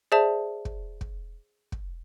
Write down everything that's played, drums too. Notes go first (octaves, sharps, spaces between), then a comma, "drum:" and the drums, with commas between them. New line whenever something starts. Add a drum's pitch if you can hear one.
G#4 C5 D5 E5 A5
drum: kick
drum: kick
drum: kick